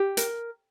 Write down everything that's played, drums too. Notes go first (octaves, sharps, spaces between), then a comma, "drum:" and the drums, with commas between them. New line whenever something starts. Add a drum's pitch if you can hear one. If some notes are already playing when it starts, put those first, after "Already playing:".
Already playing: G4
A#4, drum: hi-hat